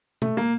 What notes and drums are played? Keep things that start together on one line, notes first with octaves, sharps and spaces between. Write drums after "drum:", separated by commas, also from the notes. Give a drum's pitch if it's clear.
A3, drum: tom B2
A#3